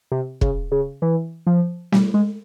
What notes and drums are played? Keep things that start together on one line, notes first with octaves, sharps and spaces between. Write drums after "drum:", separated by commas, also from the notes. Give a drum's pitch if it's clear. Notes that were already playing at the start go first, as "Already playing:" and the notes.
C3
C#3, drum: kick
C#3
E3
F3
G3, drum: snare
G#3